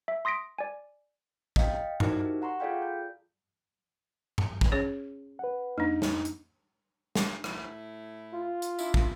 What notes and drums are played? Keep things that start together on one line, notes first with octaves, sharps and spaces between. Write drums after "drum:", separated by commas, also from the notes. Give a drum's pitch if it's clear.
E5
C6 D#6 A#6 B6 D7
D5 G#5
D#5 F5 G5, drum: kick
D#4 E4 F#4 A#4 C5 D5, drum: tom G2
G4
F#5 A#5 C6 C#6
F4 G#4 A4 D5 F5 G5
G6
drum: tom G2
drum: kick
C#4 G#4 C#5
B4 F#5
F2 A#3 D4 D#4
drum: snare
drum: hi-hat
drum: snare
A2 E4, drum: rim click
F4
drum: hi-hat
D4 E4, drum: tambourine
drum: kick